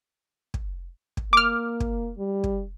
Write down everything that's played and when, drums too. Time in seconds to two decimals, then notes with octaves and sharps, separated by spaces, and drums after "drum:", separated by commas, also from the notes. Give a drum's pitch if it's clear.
0.54 drum: kick
1.17 drum: kick
1.33 A#3 D6 F6
1.80 drum: kick
2.18 G3
2.44 drum: kick